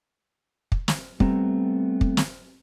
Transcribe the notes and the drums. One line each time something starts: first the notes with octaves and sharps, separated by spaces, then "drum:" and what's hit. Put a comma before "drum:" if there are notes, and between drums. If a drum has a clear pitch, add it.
drum: kick
drum: snare
G3 A3 B3 C4 A#5, drum: kick
drum: kick
drum: snare